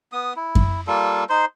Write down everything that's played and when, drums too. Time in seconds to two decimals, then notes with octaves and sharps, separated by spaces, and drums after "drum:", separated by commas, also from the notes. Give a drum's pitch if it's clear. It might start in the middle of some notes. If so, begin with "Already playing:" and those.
0.12 B3 D#6
0.36 E4
0.55 drum: kick F#2
0.87 G3 A#3 F4 A4
1.29 D#4 C5 C6